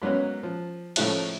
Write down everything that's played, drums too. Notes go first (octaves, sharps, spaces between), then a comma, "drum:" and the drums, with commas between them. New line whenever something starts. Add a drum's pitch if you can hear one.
G#2 F#3 A#3 B3 C#4
F3
A2 C#3 F3 A3 D#4 F#6, drum: cymbal